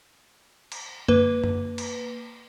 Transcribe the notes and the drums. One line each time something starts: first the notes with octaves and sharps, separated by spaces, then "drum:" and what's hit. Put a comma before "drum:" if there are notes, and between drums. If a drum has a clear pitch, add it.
drum: cymbal
A#3 B4, drum: tom F#2
drum: tom F#2
drum: cymbal